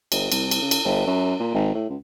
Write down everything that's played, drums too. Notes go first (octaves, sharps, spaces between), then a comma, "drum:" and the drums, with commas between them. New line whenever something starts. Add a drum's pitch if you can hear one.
G1, drum: cymbal
C2, drum: cymbal
drum: cymbal
C#3
drum: cymbal
G1
F#2
A#2
G#1
A2
C#2